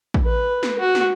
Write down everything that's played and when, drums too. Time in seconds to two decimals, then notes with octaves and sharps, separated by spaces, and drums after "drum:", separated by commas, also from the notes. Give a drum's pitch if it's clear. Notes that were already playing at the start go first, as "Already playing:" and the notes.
0.14 drum: kick
0.24 B4
0.63 drum: snare
0.79 F#4
0.95 drum: snare